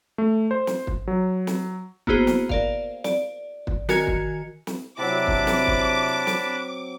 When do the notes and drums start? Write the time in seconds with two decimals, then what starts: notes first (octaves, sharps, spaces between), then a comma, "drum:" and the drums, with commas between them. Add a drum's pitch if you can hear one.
0.18 A3
0.51 C5
0.67 drum: snare
0.87 drum: kick
1.07 F#3
1.47 drum: snare
2.07 A#3 B3 E4 F#4 G#4 C5, drum: kick
2.27 drum: snare
2.49 A#4 D5 F5, drum: kick
3.04 D5, drum: snare
3.67 drum: kick
3.89 D#3 F#4 A#4 G#5 G#6 C#7, drum: snare
4.07 drum: kick
4.67 drum: snare
4.99 C3 F#3 C4 D4 E4 A5 B5 D6
5.27 drum: kick
5.47 drum: snare
5.67 drum: kick
6.27 drum: snare